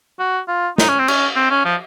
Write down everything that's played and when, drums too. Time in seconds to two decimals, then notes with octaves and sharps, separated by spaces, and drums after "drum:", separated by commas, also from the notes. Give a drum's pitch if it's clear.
0.19 F#4
0.48 F4
0.78 D#4, drum: snare
0.88 C#4
0.99 C4
1.08 C#4, drum: cymbal
1.36 C4
1.51 C#4
1.65 F3